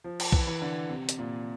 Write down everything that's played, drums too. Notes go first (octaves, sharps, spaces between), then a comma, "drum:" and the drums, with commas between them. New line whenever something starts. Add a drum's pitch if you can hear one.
F3
drum: cymbal
E3, drum: kick B1
E3
D3
C3
drum: hi-hat
A#2